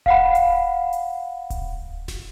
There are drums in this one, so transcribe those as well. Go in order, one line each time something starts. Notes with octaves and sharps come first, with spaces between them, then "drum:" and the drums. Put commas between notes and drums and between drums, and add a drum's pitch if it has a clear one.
F5 F#5 B5, drum: kick D1
drum: hi-hat
drum: hi-hat
drum: kick D1, hi-hat
drum: snare F1